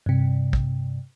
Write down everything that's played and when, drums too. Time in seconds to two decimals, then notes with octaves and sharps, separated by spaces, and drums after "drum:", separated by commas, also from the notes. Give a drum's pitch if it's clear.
0.06 G2 C3
0.53 drum: kick